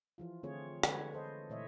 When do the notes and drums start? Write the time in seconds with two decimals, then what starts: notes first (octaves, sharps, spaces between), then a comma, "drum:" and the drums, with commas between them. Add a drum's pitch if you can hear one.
0.18 E3 F3 F4
0.43 D3 A3 C4 F4 G#4 C#5
0.83 D3 G#3 A4 B4 C#5, drum: rim click
1.13 A4 C5 D#5
1.50 A#2 E3 A3 C#5 D#5 E5